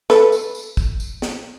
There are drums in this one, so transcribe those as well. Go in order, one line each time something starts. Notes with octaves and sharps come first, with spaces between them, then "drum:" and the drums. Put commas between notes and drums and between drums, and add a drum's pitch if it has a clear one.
A4 B4, drum: snare
drum: tambourine
drum: tambourine
drum: kick, tambourine
drum: tambourine
drum: snare